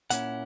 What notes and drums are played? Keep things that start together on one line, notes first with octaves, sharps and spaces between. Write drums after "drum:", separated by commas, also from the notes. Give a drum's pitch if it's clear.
A#2 A#3 C#4 E4 F#5, drum: hi-hat